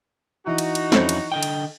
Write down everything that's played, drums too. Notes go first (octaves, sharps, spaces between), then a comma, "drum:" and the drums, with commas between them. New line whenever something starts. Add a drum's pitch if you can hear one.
E3 D#4 F#4 E5
drum: cymbal
drum: cymbal
F2 C4 C#4 E4 A4 C5, drum: snare
drum: cymbal
D3 D#5 G5
drum: cymbal